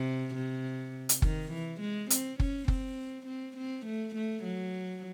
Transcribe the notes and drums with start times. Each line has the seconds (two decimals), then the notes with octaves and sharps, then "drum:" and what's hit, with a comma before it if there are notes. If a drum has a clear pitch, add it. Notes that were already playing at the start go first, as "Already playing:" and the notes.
Already playing: C3
0.35 C3
1.09 drum: hi-hat
1.22 D#3, drum: kick F#1
1.52 E3
1.80 G#3
2.10 C4, drum: hi-hat
2.40 C#4, drum: kick F#1
2.68 C4, drum: kick F#1
3.27 C4
3.57 C4
3.86 A3
4.15 A3
4.44 F#3